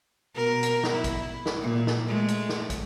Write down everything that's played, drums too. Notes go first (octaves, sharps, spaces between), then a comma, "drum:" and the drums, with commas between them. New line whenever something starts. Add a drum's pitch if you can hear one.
B2 A#4
drum: hi-hat
drum: snare
E4
drum: kick, hi-hat
drum: snare
A#2
drum: snare
G#3 A3
drum: hi-hat
drum: snare
drum: kick, hi-hat